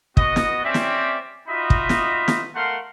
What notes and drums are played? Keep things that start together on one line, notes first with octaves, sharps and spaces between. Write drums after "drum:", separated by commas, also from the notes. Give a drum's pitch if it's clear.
B3 F#4 D#5, drum: kick
drum: snare
C4 C#4 G4 D5 E5
drum: snare
D#4 F4 F#4 D#5 E5 B5
drum: kick
drum: snare
drum: snare
A3 A#4 F5 F#5 C6